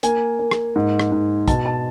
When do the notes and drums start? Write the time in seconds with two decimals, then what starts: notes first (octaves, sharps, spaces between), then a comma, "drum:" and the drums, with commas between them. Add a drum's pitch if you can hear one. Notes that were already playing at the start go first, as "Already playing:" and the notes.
0.03 A#3 G#5, drum: hi-hat
0.39 A#3
0.51 drum: rim click
0.76 G#2
0.99 drum: rim click
1.12 G#2
1.48 B2 A5, drum: kick, hi-hat
1.66 A5